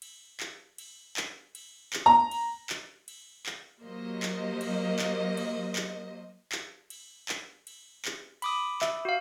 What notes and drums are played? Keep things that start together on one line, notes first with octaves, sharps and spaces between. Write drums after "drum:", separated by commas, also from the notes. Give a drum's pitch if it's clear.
drum: cymbal
drum: clap
drum: cymbal
drum: clap
drum: cymbal
drum: clap
A#5
drum: cymbal
drum: clap
drum: cymbal
drum: clap
F#3 A#3 G4 C5 D#5
drum: clap
drum: cymbal
drum: clap
drum: cymbal
drum: clap
drum: clap
drum: cymbal
drum: clap
drum: cymbal
drum: clap
B5 D6 D#6, drum: cymbal
E5, drum: clap
F#4 F5